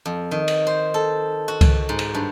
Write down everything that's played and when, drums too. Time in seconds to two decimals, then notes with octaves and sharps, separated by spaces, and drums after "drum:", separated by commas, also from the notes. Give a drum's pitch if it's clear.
0.06 F2
0.31 D#3
0.48 drum: cymbal
0.67 C5
0.94 A4
1.48 F#4
1.61 drum: kick C2, cymbal
1.89 G#2
1.99 drum: cymbal
2.14 G2